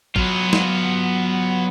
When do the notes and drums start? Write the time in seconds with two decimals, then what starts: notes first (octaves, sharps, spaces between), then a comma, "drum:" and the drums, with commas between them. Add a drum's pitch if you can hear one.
0.16 F#3 B3 F4, drum: kick
0.53 drum: snare